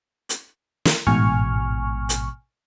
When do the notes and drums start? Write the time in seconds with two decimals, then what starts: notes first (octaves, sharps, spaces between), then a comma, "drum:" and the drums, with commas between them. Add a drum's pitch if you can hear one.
0.29 drum: hi-hat
0.85 drum: snare
1.07 A1 G#2 B2 G#5 C#6 F6
2.09 drum: hi-hat